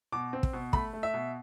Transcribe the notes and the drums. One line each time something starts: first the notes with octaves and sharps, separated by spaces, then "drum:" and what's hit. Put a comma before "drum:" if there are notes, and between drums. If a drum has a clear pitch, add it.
B2 D6
C4
drum: kick
B2
A3 B5, drum: kick
A3
E5
B2